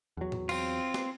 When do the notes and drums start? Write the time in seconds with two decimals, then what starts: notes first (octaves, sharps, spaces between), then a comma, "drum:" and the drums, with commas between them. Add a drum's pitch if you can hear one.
0.17 E2 F#3
0.32 drum: tom A2
0.49 C4 F4, drum: cymbal
0.94 drum: snare